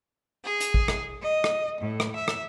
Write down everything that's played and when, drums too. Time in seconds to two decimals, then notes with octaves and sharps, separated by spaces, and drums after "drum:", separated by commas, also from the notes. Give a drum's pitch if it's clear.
0.44 G#4
0.60 drum: hi-hat
0.74 drum: kick A1
0.88 drum: rim click
1.22 D#5
1.44 drum: rim click
1.79 A2
2.00 drum: rim click
2.14 E5
2.28 drum: rim click